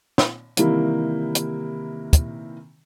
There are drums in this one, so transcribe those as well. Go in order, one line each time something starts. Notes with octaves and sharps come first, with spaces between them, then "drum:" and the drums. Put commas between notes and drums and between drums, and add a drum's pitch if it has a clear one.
drum: snare
C3 D#3 E3 G3 A#3 E4, drum: hi-hat
drum: hi-hat
drum: kick, hi-hat